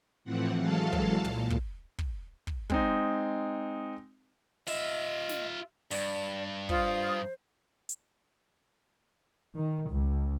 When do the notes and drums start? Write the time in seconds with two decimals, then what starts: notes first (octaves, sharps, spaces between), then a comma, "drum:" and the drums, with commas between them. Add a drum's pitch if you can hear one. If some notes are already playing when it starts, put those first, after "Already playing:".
0.24 A2 E3 F3 C4 F#5
0.56 E3 F#3 G#3 A4 F5 A5
0.93 drum: kick
1.24 A#2, drum: tom
1.50 drum: kick
1.99 drum: kick
2.47 drum: kick
2.70 G#3 C4 D#4, drum: kick
4.67 F4 D#5 E5, drum: open hi-hat
5.29 drum: snare
5.91 G2 D5, drum: open hi-hat
6.69 F4 C5 D#6, drum: kick
7.89 drum: hi-hat
9.56 D#3
9.91 C#2